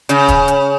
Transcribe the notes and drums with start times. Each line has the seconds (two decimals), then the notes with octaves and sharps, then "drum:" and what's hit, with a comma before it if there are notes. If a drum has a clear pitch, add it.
0.09 C#3, drum: hi-hat
0.28 drum: kick, hi-hat
0.48 drum: hi-hat